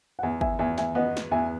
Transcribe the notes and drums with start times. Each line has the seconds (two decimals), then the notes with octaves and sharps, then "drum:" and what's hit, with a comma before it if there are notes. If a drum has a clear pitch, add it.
0.19 F#5
0.23 E2 E5 G#5
0.41 E5 G#5, drum: kick
0.59 E2 E5 G#5
0.78 E5 G#5, drum: snare
0.95 B3 D#5 F#5
1.17 drum: snare
1.31 E2 E5 G#5